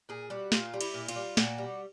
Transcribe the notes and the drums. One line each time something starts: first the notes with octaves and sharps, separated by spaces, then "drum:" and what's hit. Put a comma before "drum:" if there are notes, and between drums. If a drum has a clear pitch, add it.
A#2 G#4
G3 F#4
A#2 F4, drum: snare
G3
E4, drum: cymbal
A#2
F4, drum: cymbal
G3
A#2 F#4, drum: snare
G3